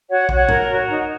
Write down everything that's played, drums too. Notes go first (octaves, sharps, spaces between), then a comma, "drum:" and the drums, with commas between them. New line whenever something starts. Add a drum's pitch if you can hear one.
F#4 C#5 F#5
F#4, drum: kick
C#5 F#5
A#4, drum: tom G#2
F#4
D#4